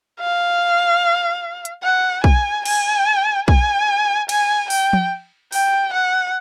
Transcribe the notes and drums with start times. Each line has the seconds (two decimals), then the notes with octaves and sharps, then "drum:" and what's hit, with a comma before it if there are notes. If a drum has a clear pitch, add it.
0.20 F5
1.65 drum: hi-hat
1.83 F#5
2.24 G#5, drum: kick
2.65 G#5, drum: cymbal
3.48 G#5, drum: kick
4.29 G#5, drum: cymbal
4.70 G5, drum: open hi-hat
4.93 drum: tom F3
5.52 G5, drum: open hi-hat
5.93 F#5